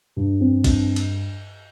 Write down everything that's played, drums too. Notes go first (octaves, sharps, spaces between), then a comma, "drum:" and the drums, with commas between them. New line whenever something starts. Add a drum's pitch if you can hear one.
G2
C4
G2, drum: kick, cymbal
drum: cymbal